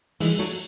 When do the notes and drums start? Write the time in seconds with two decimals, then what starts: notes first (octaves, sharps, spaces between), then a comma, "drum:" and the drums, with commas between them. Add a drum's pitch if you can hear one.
0.20 E3 G#3, drum: open hi-hat
0.39 F#3 A3